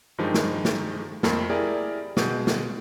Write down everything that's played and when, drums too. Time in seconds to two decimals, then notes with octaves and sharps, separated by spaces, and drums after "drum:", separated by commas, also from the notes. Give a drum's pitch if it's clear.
0.18 G2 D#3 F3 G#3 D#4 G4
0.34 drum: snare
0.65 drum: snare
1.23 F2 A3 A#3 F4, drum: snare
1.49 E4 G4 G#4 A#4 D5
2.17 B2 G#3 G6, drum: snare
2.47 drum: snare